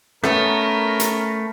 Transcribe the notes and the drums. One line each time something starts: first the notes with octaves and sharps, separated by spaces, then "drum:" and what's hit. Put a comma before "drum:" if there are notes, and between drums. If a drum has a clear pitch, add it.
A3 B3 C#4 A#4, drum: rim click
drum: hi-hat